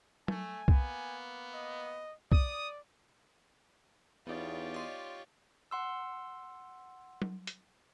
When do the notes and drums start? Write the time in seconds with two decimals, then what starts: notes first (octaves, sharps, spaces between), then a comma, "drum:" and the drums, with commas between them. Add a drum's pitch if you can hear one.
0.28 A3 G#5, drum: tom F#3
0.68 A#3 B3, drum: kick
1.54 D#5
2.32 D5 D#6, drum: kick
4.27 E2 B3 D#4 F4 G4 C#5 D5
4.74 D#5 C6
5.71 F#5 C6 E6
7.22 drum: tom F#3
7.47 drum: hi-hat